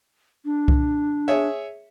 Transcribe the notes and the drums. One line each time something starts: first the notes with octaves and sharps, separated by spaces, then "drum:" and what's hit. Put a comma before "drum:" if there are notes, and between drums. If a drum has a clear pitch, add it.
D4
drum: kick C2
G#4 C#5 E5